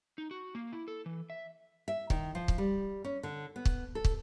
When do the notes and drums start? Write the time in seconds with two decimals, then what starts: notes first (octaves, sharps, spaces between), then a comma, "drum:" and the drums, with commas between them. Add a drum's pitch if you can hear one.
0.18 D#4
0.31 F#4
0.55 A#3
0.72 E4
0.88 A4
1.06 E3
1.30 E5
1.88 E5
2.10 D#3, drum: kick
2.35 F3
2.48 drum: kick
2.58 G3
3.04 C#4
3.23 D3
3.56 B3
3.65 drum: kick
3.95 A4
4.05 drum: kick